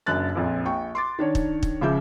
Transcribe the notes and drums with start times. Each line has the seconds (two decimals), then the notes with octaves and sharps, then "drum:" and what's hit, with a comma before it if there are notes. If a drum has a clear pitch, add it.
0.06 F#1 F#2 D4 F#6 A6
0.35 A#1 F2 A#2
0.65 A#1 G5 C#6
0.95 C6 D6 A6
1.19 D#3 D4 C#5
1.35 drum: kick
1.63 drum: kick
1.81 C#2 C#3 F3 E5 D6 G6